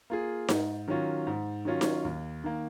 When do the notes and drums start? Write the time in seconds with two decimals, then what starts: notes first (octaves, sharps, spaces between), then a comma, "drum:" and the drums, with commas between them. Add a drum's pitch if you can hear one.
0.10 A#3 F4 G#4
0.48 G#2, drum: snare D#4
0.88 D#3 F#3 C#4 F4
1.27 G#2
1.65 D#3 F#3 C#4 F4
1.81 drum: snare D#4
2.05 D#2
2.44 D#3 A#3